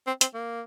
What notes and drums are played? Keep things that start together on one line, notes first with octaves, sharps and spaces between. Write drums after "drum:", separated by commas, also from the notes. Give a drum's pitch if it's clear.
C4
C4, drum: hi-hat
A#3